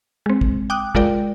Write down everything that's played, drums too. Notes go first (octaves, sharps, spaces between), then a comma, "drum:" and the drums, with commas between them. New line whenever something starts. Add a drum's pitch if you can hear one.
G#3 C4
drum: kick
G5 D6 D#6 F#6
G#3 F4 A#4 D5 G5, drum: kick